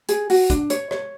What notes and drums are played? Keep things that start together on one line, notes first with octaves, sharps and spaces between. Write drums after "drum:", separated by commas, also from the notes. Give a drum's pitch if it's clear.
G#4, drum: hi-hat
F#4, drum: open hi-hat
D4, drum: kick, hi-hat
C#5, drum: hi-hat
C#5, drum: rim click